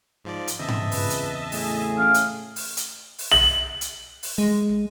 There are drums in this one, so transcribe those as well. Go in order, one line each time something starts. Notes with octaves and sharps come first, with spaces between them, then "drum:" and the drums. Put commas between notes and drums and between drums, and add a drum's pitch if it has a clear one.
G#2 F3 D5
drum: hi-hat
E2 C#3 C4 D#5 E5 A5
drum: tom G#2
C#2 B4, drum: open hi-hat
drum: hi-hat
A2 G#4, drum: open hi-hat
C#4 F5 G5
drum: hi-hat
drum: open hi-hat
drum: hi-hat
drum: open hi-hat
F#7
drum: hi-hat
drum: open hi-hat
G#3